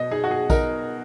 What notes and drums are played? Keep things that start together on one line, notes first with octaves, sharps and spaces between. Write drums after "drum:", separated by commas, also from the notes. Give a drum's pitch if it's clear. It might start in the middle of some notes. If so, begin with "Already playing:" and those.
Already playing: B2 D#5
D#4 G#4
F#4
G#4
D#4 A#4, drum: kick A#1, tambourine